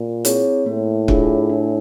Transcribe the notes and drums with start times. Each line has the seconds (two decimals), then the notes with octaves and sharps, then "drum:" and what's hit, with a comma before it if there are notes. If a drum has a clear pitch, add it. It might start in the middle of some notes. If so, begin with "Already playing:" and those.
Already playing: A#2
0.25 C4 E4 G#4 C#5, drum: hi-hat
0.66 A2 A#3
1.08 D4 F4 G#4, drum: kick
1.50 D4